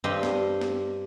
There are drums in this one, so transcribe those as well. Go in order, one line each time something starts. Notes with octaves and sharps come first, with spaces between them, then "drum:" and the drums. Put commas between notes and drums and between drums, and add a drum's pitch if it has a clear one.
G2 C4 D4 G4 D#5 C6
drum: snare
drum: snare